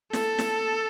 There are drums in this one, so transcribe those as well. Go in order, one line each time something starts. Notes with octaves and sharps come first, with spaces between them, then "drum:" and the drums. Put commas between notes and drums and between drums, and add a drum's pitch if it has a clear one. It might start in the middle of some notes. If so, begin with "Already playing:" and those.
A4, drum: snare
drum: snare